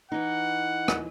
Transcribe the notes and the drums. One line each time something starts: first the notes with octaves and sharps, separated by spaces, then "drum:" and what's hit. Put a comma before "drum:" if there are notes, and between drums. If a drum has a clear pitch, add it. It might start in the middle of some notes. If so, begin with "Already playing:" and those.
E3 D#4 F#5
drum: rim click